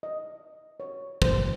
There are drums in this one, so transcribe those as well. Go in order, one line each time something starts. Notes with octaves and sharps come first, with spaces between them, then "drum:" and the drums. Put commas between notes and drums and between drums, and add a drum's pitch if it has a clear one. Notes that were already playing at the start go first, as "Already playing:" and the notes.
D#5
C#5
C5, drum: kick